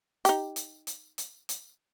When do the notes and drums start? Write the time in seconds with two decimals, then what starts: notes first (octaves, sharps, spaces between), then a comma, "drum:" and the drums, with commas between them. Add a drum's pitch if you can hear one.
0.25 D#4 G4, drum: hi-hat
0.56 drum: hi-hat
0.87 drum: hi-hat
1.18 drum: hi-hat
1.49 drum: hi-hat